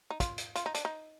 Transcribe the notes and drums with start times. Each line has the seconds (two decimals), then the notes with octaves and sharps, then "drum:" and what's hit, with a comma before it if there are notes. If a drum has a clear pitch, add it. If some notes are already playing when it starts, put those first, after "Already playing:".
0.10 D#4
0.20 F4, drum: kick, hi-hat
0.38 drum: hi-hat
0.56 F4, drum: hi-hat
0.66 D#4
0.75 D4, drum: hi-hat
0.85 D#4